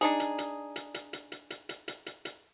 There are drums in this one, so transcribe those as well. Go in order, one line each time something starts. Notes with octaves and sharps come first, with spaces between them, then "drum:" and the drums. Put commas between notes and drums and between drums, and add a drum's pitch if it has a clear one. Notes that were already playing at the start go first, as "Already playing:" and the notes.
D4 D#4 G#4, drum: hi-hat
drum: hi-hat
drum: hi-hat
drum: hi-hat
drum: hi-hat
drum: hi-hat
drum: hi-hat
drum: hi-hat
drum: hi-hat
drum: hi-hat
drum: hi-hat
drum: hi-hat